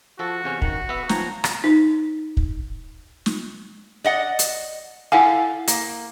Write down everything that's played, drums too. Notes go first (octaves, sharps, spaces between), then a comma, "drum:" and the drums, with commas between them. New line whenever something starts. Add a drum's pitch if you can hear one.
F3 F#4 A4 A5
E2 C3 C#4
D#3 F#4, drum: kick
B3 E5
F3 C#5 G5 A#5, drum: snare
drum: rim click
D#4
drum: kick
drum: snare
D5 D#5 F#5
drum: hi-hat
E4 A4 F5 F#5 G#5
A#3, drum: hi-hat